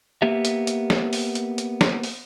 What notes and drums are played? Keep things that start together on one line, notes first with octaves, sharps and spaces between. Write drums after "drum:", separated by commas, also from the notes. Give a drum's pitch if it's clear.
A#3 B3 G4 E5
drum: hi-hat
drum: hi-hat
drum: snare
drum: open hi-hat
drum: hi-hat
drum: hi-hat
drum: snare
drum: open hi-hat